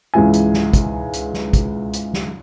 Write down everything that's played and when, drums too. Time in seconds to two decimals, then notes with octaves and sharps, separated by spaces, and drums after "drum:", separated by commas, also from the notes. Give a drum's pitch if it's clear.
0.14 C#2 G#2 E3 G#5
0.34 drum: hi-hat
0.54 drum: snare
0.73 drum: kick, hi-hat
1.13 drum: hi-hat
1.33 drum: snare
1.53 drum: kick, hi-hat
1.93 drum: hi-hat
2.13 drum: snare